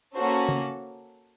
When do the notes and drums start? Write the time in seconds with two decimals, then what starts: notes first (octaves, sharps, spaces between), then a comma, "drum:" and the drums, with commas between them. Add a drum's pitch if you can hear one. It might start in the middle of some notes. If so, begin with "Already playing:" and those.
0.15 A#3 C#4 F#4 A4 C5
0.49 drum: tom C#3